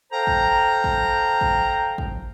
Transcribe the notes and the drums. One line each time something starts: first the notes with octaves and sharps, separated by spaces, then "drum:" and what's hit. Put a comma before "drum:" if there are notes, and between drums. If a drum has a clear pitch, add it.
A4 C5 F5 G5 A#5
drum: kick
drum: kick
drum: kick
drum: kick